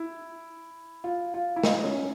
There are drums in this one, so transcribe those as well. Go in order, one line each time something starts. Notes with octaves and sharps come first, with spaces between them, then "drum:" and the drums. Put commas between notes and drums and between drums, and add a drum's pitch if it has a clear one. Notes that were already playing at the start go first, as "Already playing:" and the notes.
Already playing: E4
F4
F4
E4
D#4, drum: snare
C#4